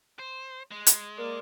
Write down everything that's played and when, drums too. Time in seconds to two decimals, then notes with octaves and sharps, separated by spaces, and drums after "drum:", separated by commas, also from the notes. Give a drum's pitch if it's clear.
0.19 C5
0.71 G#3
0.87 drum: hi-hat
1.17 A#3 A#4 D5